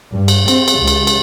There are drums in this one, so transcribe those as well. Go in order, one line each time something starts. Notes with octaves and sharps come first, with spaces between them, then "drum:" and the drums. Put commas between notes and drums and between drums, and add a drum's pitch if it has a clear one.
G2
drum: cymbal
C4, drum: cymbal
drum: cymbal
C#2
drum: cymbal
drum: cymbal